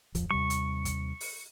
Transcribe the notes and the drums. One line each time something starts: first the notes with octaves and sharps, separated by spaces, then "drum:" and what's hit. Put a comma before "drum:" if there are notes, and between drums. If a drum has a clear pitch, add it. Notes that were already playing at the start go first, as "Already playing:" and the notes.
D1 F2 F3, drum: kick, hi-hat
D#2 C3 G3 C#6
drum: hi-hat
drum: kick, hi-hat
drum: open hi-hat